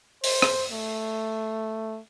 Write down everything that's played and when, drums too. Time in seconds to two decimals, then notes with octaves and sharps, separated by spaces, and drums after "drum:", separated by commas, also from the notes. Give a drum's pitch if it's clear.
0.24 C5, drum: open hi-hat
0.42 drum: rim click
0.71 A3